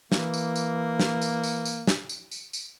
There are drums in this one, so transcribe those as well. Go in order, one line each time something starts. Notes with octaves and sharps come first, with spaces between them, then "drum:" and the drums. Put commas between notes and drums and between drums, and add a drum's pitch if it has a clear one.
E3 A#3, drum: snare
drum: tambourine
drum: tambourine
drum: snare
drum: tambourine
drum: tambourine
drum: tambourine
drum: snare
drum: tambourine
drum: tambourine
drum: tambourine